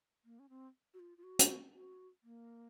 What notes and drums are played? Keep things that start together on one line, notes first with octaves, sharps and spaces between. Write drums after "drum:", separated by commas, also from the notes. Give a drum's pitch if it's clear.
A#3
C#4
C4
F#4
F4
F4
F#4
drum: hi-hat
F#4
A#3